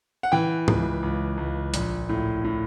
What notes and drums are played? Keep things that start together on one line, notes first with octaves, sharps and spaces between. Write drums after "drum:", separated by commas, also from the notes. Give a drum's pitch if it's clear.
F#5
E3 G5
C#2, drum: tom G#2
C#2
C#2
A#1, drum: hi-hat
A2
A2